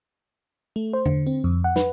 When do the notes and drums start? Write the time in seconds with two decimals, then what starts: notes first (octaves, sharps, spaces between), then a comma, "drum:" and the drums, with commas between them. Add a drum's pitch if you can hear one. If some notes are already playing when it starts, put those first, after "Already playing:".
0.76 A3
0.93 C5
1.06 D3, drum: tom E2
1.27 C4
1.44 F2
1.64 F#5
1.76 B4, drum: snare